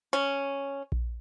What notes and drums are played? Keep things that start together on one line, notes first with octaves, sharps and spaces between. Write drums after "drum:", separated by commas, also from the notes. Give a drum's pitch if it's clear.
C#4
drum: kick A#1